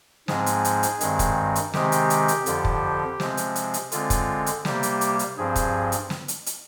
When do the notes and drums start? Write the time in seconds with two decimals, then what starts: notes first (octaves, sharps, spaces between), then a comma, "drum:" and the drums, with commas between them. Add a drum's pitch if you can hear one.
0.28 G#2 F3 G#3 C4 G#4, drum: snare
0.46 drum: hi-hat
0.65 drum: hi-hat
0.83 drum: hi-hat
1.01 G2 D#3 G#3 C4, drum: hi-hat
1.19 drum: kick, hi-hat
1.55 drum: hi-hat
1.74 C3 D#3 G#3 C4 G4, drum: snare
1.92 drum: hi-hat
2.10 drum: hi-hat
2.28 drum: hi-hat
2.46 F2 D3 F3, drum: hi-hat
2.65 drum: kick
3.20 C3 F3 G#3 C4, drum: snare
3.37 drum: hi-hat
3.55 drum: hi-hat
3.74 drum: hi-hat
3.92 D3 G#3 C4 F4, drum: hi-hat
4.10 drum: kick, hi-hat
4.46 drum: hi-hat
4.65 C3 G3 A#3 G4, drum: snare
4.83 drum: hi-hat
5.01 drum: hi-hat
5.19 drum: hi-hat
5.38 G2 F3 C4 G#4
5.56 drum: kick, hi-hat
5.92 drum: hi-hat
6.10 drum: snare
6.28 drum: hi-hat
6.46 drum: hi-hat